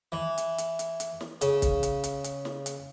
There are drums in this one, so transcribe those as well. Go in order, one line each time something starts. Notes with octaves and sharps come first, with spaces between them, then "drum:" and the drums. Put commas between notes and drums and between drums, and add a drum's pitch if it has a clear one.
E3
drum: hi-hat
drum: hi-hat
drum: hi-hat
drum: hi-hat
drum: snare
C#3, drum: hi-hat
drum: kick, hi-hat
drum: hi-hat
drum: hi-hat
drum: hi-hat
drum: snare
drum: hi-hat